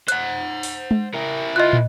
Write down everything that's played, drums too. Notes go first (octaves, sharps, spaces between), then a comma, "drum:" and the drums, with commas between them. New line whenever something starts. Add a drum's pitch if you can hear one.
C5 F#5 F#6, drum: hi-hat
drum: open hi-hat
drum: tom G#3
E4 A#4
F4 D#5 F#6
drum: tom